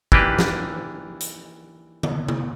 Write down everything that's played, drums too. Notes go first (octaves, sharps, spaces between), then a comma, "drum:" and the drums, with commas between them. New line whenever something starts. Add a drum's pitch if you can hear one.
E3 A#3 D4 D#4 G4 B4, drum: kick
drum: snare
drum: hi-hat
drum: tom D3
drum: tom C3